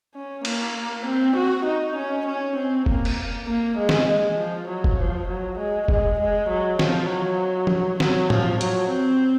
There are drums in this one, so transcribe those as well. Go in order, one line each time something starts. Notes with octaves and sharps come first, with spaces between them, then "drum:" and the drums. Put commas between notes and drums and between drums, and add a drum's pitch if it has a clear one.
C#4
A#3, drum: cymbal
C4
F#4
D#4
C#4
C#4
C4
A#3, drum: kick F#1
drum: cymbal
A#3
G#3
drum: snare
G#3
F3
F#3
drum: kick F#1
F3
F#3
G#3
G#3, drum: kick F#1
G#3
F#3
F3, drum: snare
F#3
drum: tom F3
F#3, drum: snare
F3, drum: tom A2
F#3, drum: hi-hat
C4